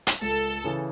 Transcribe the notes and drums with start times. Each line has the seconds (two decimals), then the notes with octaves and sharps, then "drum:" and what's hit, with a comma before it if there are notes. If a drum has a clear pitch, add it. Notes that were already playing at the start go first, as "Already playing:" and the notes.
0.07 drum: hi-hat
0.21 C#2 A4
0.64 C#3 E3